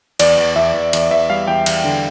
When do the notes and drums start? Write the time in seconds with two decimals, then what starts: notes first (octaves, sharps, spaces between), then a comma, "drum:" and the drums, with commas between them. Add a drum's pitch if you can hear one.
0.20 E2 D5, drum: cymbal
0.37 E2
0.56 E2 E5
0.74 E2
0.93 E2, drum: cymbal
1.11 E2 E5
1.30 G3 F5
1.47 E2 G5
1.66 E2, drum: cymbal
1.84 D3